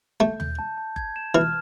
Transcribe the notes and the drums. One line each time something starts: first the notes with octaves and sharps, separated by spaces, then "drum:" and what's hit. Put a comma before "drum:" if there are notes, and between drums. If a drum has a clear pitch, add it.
A3 G6
G6, drum: tom D#2
A5
A5
G#6, drum: kick F#1
E7
E3 F6